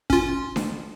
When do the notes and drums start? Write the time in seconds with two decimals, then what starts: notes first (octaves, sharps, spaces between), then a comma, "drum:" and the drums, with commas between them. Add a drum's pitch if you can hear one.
0.10 C#4 F4, drum: kick
0.56 drum: snare D4